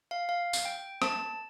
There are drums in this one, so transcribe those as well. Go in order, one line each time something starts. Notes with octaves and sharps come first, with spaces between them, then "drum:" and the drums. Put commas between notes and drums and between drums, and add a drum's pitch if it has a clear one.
F5
F5
drum: tambourine
G5
A5, drum: rim click